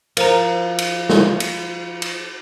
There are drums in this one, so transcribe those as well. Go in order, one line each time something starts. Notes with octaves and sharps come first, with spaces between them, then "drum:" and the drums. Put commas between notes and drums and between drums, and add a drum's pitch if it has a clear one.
F3 A#4 C5 A#5, drum: cymbal
drum: cymbal
drum: snare
drum: cymbal
drum: cymbal